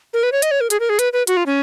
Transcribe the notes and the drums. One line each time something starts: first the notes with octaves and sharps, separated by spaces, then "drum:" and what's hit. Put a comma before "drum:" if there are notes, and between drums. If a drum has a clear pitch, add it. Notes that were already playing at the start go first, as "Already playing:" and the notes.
A#4
B4
C#5
D#5, drum: hi-hat
C#5
A#4
G#4, drum: hi-hat
A#4
G#4
B4, drum: hi-hat
B4
F#4, drum: hi-hat
F4
C#4